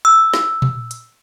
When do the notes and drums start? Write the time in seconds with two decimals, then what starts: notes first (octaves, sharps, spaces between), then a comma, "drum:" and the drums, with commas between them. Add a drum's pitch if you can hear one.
0.05 E6
0.33 drum: snare
0.62 drum: tom A#2
0.91 drum: hi-hat